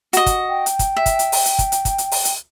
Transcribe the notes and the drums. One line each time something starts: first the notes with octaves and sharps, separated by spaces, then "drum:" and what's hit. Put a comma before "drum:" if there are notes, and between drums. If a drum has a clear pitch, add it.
F#4 D#5, drum: hi-hat
drum: kick, hi-hat
G5
drum: hi-hat
drum: kick, hi-hat
E5
drum: kick, hi-hat
drum: hi-hat
drum: open hi-hat
drum: hi-hat
drum: kick, hi-hat
drum: hi-hat
drum: kick, hi-hat
drum: hi-hat
drum: open hi-hat
drum: hi-hat